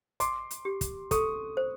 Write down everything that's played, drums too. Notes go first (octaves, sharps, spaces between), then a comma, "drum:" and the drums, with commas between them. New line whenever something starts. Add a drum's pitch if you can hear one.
D#5 C6 D6, drum: hi-hat
drum: hi-hat
G4
drum: kick, hi-hat
A4 C#6 D#6, drum: kick, hi-hat
C5